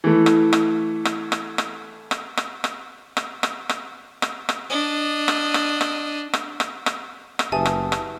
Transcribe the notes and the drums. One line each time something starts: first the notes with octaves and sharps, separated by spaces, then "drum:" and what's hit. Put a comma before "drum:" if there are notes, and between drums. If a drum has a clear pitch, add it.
E3 A3
drum: rim click
drum: rim click
drum: rim click
drum: rim click
drum: rim click
drum: rim click
drum: rim click
drum: rim click
drum: rim click
drum: rim click
drum: rim click
drum: rim click
drum: rim click
D4 D#5
drum: rim click
drum: rim click
drum: rim click
drum: rim click
drum: rim click
drum: rim click
drum: rim click
F#1 G4 B4 E5 G#5 A5 D#6
drum: rim click
drum: rim click